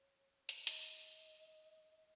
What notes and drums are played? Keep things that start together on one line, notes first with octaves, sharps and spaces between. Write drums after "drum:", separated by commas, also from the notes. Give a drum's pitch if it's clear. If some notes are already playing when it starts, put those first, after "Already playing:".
Already playing: C#5
drum: hi-hat
D#5, drum: hi-hat